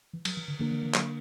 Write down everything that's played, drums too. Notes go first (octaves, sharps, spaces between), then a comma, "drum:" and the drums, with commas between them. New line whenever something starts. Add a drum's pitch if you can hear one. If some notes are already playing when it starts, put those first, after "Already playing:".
E3
F#3, drum: cymbal
E3
D3
D3 E3 A#3 D4 A#4
E3
E3
F#3, drum: clap